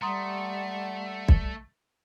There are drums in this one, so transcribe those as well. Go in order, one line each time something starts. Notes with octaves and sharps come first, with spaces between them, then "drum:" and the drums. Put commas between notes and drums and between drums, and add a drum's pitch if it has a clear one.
G3 A3 F#5 A#5 C6 D#6
drum: kick